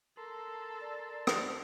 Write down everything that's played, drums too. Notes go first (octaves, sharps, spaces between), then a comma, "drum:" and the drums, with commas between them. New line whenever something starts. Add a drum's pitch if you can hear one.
A4 A#4 C6
D5
drum: rim click